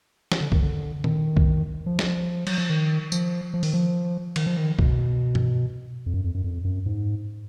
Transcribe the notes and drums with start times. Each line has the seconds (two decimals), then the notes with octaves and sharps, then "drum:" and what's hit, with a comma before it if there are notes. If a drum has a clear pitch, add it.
0.32 F3, drum: snare
0.41 D3
0.52 D#3, drum: kick B1
0.63 D3
1.04 D#3, drum: tom A#2
1.37 drum: kick B1
1.86 F3
1.99 drum: snare
2.47 F#3, drum: cymbal
2.58 F3
2.69 D#3
3.12 F3, drum: tambourine
3.54 F3
3.63 D#3, drum: open hi-hat
3.73 F3
4.36 D#3, drum: cymbal
4.47 F3
4.57 D#3
4.79 B2, drum: kick B1
5.35 drum: tom G2
6.06 F2
6.14 F#2
6.24 F2
6.35 F#2
6.44 F2
6.65 F#2
6.86 G#2